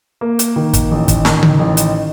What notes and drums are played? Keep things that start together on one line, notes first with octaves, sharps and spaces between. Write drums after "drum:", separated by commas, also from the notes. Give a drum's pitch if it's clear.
A#3
drum: hi-hat
D#3
drum: kick, hi-hat
A1
drum: kick, hi-hat
D#3, drum: snare
drum: tom C#3
A1
drum: hi-hat